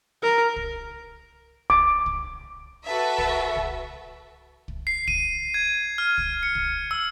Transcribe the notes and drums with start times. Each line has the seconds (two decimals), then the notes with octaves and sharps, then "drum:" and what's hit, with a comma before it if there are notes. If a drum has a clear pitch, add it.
0.23 A#4
0.56 drum: kick
1.70 D6, drum: kick
2.06 drum: kick
2.85 F#4 A4 B4 E5
3.18 drum: kick
3.56 drum: kick
4.68 drum: kick
4.87 C7
5.08 D#7, drum: kick
5.54 G#6
5.98 F6
6.18 drum: kick
6.43 C#7
6.55 drum: kick
6.91 E6